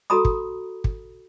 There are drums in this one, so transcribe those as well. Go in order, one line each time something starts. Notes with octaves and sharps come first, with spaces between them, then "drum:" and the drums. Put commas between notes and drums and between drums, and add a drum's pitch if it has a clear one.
F#4 A4 A#5 B5 D#6
drum: kick
drum: kick